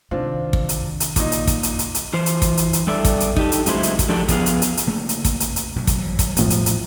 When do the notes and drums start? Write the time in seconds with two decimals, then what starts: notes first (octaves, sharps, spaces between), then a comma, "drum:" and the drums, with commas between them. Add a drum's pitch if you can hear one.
0.11 C2 D#3 C4 D4 F4
0.53 drum: kick
0.69 drum: hi-hat
1.00 drum: hi-hat
1.16 A#2 D#4, drum: kick, hi-hat
1.32 drum: hi-hat
1.47 drum: kick, hi-hat
1.63 drum: hi-hat
1.79 drum: hi-hat
1.95 drum: hi-hat
2.13 E3 C5
2.26 drum: hi-hat
2.42 drum: kick, hi-hat
2.57 drum: hi-hat
2.73 drum: hi-hat
2.87 G2 G3 A4 D5 E5
3.05 drum: kick, hi-hat
3.20 drum: hi-hat
3.36 D#4 G4 A4, drum: kick
3.52 drum: hi-hat
3.66 C#3 F#3 G#3 A3 E4 C5, drum: hi-hat
3.83 drum: hi-hat
3.99 drum: kick, hi-hat
4.09 D3 F3 G3 A3 A4 A#4
4.28 F3 B3 F4 G4 G#4 F5, drum: kick, hi-hat
4.46 drum: hi-hat
4.62 drum: hi-hat
4.77 drum: hi-hat
4.87 C#3 A3 A#3
5.09 drum: hi-hat
5.25 drum: kick, hi-hat
5.40 drum: hi-hat
5.56 drum: hi-hat
5.76 B1 F#2 A#2
5.87 drum: kick, hi-hat
5.98 E3 F#3 G3
6.19 drum: kick, hi-hat
6.37 E1 A2 F3, drum: hi-hat
6.50 drum: hi-hat
6.66 drum: hi-hat